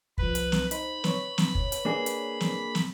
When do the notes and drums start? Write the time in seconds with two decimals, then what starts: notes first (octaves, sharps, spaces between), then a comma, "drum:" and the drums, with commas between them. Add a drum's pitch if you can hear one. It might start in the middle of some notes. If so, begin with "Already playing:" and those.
0.18 C2 F3 B4, drum: kick
0.35 drum: hi-hat
0.52 drum: snare
0.71 D#4 C5 B5, drum: hi-hat
1.04 B4 C#5, drum: snare
1.38 drum: snare
1.55 drum: kick
1.72 drum: hi-hat
1.85 A#3 D4 G#4
2.06 drum: hi-hat
2.40 drum: snare
2.75 drum: snare